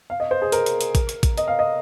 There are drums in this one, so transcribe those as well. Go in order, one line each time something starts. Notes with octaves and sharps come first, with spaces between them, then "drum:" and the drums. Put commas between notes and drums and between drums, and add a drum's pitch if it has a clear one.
F5
D#5
C5
G#4
A#4, drum: hi-hat
drum: hi-hat
drum: hi-hat
drum: kick A1, hi-hat
drum: hi-hat
drum: kick A1, hi-hat
D#5, drum: hi-hat
F5
D#5